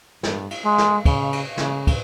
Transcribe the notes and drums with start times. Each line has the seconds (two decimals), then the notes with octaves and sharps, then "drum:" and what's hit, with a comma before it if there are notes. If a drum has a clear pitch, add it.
0.23 G2, drum: snare
0.51 drum: cymbal
0.65 G#3
0.78 drum: snare
1.05 C#3, drum: kick, cymbal
1.33 drum: cymbal
1.57 C#3, drum: snare
1.87 drum: kick, cymbal